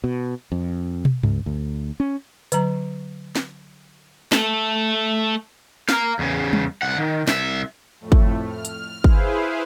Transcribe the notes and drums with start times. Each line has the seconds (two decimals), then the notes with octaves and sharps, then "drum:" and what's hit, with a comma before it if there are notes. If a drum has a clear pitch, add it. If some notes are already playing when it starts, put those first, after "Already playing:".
0.04 B2
0.52 F2
1.05 drum: tom
1.23 C#2, drum: tom G2
1.46 D2
2.00 C#4
2.52 D3 F#3 A#5, drum: hi-hat
3.36 drum: snare
4.32 A3 A4, drum: snare
5.89 F5 A#5, drum: snare
6.19 E2 C#3
6.53 drum: tom
6.82 C2 F#5
6.98 D#3
7.28 C2 E5, drum: snare
8.00 F2 A2 A3
8.12 drum: kick
8.45 F6
8.65 drum: hi-hat
9.04 E4 G#4 B4 C5 F5, drum: kick